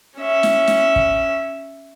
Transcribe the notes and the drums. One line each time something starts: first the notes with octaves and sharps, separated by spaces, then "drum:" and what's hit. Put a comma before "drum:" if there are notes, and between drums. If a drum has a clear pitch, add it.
C#4 E5
drum: snare
drum: snare
drum: kick